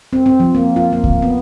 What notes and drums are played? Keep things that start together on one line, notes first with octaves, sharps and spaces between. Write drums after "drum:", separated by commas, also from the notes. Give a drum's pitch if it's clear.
C4
C4
F3
A#3
F4
A#3
drum: kick C#2
B3